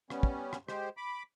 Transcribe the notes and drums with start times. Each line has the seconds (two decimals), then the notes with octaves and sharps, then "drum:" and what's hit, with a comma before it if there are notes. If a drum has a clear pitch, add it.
0.10 G3 B3 C#4, drum: rim click
0.23 drum: kick
0.53 drum: rim click
0.69 G#3 G4 C5, drum: rim click
0.97 B5 D6